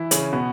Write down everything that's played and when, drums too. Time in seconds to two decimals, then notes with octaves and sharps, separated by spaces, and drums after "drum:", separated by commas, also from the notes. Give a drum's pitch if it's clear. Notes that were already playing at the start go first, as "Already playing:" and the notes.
Already playing: E3 E4
0.11 C#3 C#4, drum: hi-hat
0.33 B2 B3